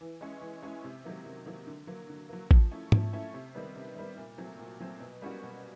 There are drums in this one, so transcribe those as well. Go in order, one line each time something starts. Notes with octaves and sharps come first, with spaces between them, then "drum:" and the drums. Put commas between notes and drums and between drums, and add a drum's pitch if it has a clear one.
E3
G#3 C#4 E4
E3
G#3 C#4 E4
C3
D#3 F#3 A#3
C3
D#3 F#3 A#3
D3
F#3 A#3
D3
F#3 A#3
F3, drum: kick A1
A3 C#4 E4
F3, drum: tom G#2
A3 C#4 E4
C3
D#3 G3 B3
C3
D#3 G3 B3
A#2
F#3 A3 C4
A#2
F#3 A3 C4
B2
G3 A#3 C#4 F#4
B2